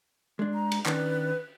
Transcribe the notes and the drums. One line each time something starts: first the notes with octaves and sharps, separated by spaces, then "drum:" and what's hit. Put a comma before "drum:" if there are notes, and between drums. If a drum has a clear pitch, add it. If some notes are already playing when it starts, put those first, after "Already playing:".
G#3 D4
A#5
drum: cymbal
D#3 C#4 D4 B4, drum: clap